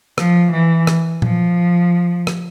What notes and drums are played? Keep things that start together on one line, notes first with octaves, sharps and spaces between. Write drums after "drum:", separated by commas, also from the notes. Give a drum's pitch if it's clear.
F3, drum: rim click
E3
drum: rim click
F3, drum: tom A#2
drum: rim click